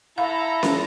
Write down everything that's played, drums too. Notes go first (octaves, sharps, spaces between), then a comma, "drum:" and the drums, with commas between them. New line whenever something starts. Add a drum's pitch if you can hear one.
E4 A4 F5 A#5 B5
drum: snare C#4